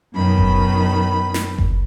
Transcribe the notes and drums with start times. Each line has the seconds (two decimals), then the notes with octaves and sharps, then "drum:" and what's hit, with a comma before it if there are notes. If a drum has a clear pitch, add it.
0.14 F#2 B2 D#3 B5
0.38 drum: kick F#1
1.34 drum: snare
1.58 drum: kick F#1